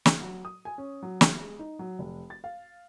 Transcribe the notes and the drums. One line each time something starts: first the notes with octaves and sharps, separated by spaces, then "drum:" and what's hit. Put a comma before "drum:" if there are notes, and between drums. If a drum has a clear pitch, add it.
drum: snare
F#3
D#6
G#5
C#4
F#3
drum: snare
G#3
D#4
F#3
F1
A6
F5